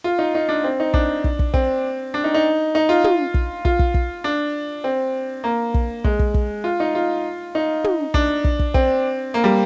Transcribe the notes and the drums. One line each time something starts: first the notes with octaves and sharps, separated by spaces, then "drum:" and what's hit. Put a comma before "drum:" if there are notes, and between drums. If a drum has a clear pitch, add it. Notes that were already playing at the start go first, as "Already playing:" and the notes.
F4
D#4
D#4
D4
C4
D#4
D4, drum: kick
drum: kick
drum: kick
C4, drum: kick
D4
D#4
D#4
D#4
F4
drum: tom
drum: kick
F4, drum: kick
drum: kick
drum: kick
D4
C4
A#3
drum: kick
G#3, drum: kick
drum: kick
drum: kick
F4
D#4
F4
D#4
drum: tom
D4, drum: kick
drum: kick
drum: kick
C4, drum: kick
A#3
G3